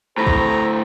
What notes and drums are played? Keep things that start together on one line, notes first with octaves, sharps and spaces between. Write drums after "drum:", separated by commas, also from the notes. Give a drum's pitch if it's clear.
D2 A2 A4 C5 A#5
drum: kick